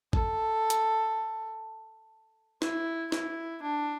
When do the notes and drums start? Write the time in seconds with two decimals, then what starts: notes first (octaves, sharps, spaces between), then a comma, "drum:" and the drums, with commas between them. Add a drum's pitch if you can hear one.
0.13 A4, drum: kick G#1
0.70 drum: hi-hat
2.62 E4, drum: snare
3.12 E4, drum: snare
3.62 D4